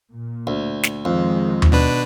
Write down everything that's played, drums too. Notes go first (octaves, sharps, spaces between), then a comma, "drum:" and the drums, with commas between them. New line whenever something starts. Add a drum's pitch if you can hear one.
A#2
D2
drum: snare
F2 D#3 G#3
drum: tom D#2
B2 D4 B4